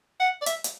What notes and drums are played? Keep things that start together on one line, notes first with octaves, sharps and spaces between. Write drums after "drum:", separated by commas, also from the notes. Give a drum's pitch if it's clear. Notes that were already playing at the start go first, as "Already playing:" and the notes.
F#5
D5
E5, drum: hi-hat
drum: hi-hat